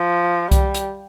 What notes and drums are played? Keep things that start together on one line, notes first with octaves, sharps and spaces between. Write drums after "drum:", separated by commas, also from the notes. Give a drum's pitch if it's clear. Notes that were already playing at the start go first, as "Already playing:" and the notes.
Already playing: F3
G3, drum: kick C2, hi-hat
drum: hi-hat